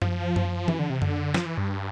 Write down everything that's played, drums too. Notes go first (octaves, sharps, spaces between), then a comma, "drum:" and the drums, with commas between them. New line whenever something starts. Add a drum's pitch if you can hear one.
F3, drum: tom F#2
drum: tom F#2
E3, drum: tom E3
D3
C3
D3, drum: tom F#2
F3, drum: snare
E3
G2